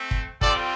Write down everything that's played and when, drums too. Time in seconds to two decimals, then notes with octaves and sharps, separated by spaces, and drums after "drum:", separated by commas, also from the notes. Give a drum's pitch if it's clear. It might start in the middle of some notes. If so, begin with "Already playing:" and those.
Already playing: A3 C4
0.11 drum: kick
0.41 G3 C4 F4 A4 D5, drum: kick